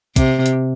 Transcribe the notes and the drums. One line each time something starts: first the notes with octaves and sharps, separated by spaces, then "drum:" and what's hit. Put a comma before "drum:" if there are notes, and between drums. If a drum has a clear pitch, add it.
C3, drum: kick A#1, hi-hat
drum: hi-hat